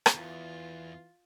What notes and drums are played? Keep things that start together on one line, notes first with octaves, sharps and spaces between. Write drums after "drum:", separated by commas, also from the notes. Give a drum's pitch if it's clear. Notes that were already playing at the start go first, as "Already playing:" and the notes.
drum: rim click
E2 E3 F4